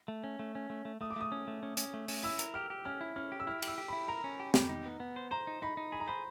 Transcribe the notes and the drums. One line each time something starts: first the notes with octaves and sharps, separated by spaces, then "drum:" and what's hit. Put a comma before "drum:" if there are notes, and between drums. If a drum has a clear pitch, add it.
A3
C#4
A3
C#4
A3
A3
A3 D#6
D6
A3 D#6
C#4
A3
C#4
C#4, drum: hi-hat
A3
C#4, drum: open hi-hat
E4 E6
A#4, drum: hi-hat
G4 F6
G4
C#4 F6
E4
C#4 F6
G4
E6
E4 F6
G4, drum: cymbal
E6
G4
E4 B5
A#4 A#5
C#4
G4
G4, drum: snare
D#4
B3
B3
C5
C5 A#5
D#4
D#4 B5
D#4
G#4 B5
A#5
C5 B5